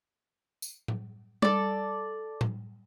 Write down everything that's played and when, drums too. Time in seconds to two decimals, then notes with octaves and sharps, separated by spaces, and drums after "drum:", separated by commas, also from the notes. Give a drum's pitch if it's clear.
0.62 drum: tambourine
0.88 drum: tom A2
1.42 A4 D5, drum: tom G3
2.41 drum: tom A2